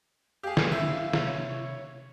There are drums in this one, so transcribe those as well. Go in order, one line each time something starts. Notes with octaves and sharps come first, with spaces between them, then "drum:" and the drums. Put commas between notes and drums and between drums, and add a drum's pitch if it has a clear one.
G4 G#4 F5
drum: snare
D3 E4
C3 C#5, drum: snare